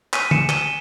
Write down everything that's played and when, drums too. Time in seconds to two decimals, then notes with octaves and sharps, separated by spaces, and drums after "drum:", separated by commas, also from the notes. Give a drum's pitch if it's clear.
0.13 G#5 B6 D#7, drum: clap
0.31 C#7 E7, drum: tom
0.40 G#5
0.49 D#7 G7, drum: clap